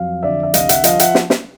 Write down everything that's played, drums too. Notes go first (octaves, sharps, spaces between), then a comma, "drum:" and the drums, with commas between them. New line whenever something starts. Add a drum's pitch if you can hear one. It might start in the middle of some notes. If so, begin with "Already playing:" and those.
Already playing: F2 F#3 F5
D3 D5 E5
E5
C2 D#5 F5, drum: hi-hat
E5 F#5, drum: hi-hat
F3 D#5 F5, drum: hi-hat
E5 F#5, drum: hi-hat
drum: snare
drum: snare